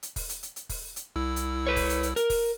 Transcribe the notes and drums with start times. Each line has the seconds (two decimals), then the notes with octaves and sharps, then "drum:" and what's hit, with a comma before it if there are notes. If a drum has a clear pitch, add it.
0.03 drum: hi-hat
0.16 drum: kick, open hi-hat
0.29 drum: hi-hat
0.43 drum: hi-hat
0.56 drum: hi-hat
0.69 drum: kick, open hi-hat
0.96 drum: hi-hat
1.16 C2 E4 E6
1.36 drum: hi-hat
1.67 B4 C#5
1.76 drum: kick, open hi-hat
1.90 drum: hi-hat
2.03 drum: hi-hat
2.16 A#4, drum: hi-hat
2.30 drum: kick, open hi-hat